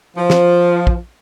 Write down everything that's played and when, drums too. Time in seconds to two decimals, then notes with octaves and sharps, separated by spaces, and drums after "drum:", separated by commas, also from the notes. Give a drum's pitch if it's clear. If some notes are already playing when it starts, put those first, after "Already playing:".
0.17 F3
0.30 drum: snare
0.87 drum: kick